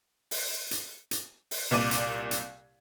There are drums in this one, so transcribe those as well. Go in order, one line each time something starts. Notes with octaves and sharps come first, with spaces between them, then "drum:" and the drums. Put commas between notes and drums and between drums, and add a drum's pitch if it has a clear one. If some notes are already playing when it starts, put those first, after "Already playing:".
drum: open hi-hat
drum: hi-hat
drum: hi-hat
drum: open hi-hat
C2 A#2 D5 D#7
drum: hi-hat
drum: hi-hat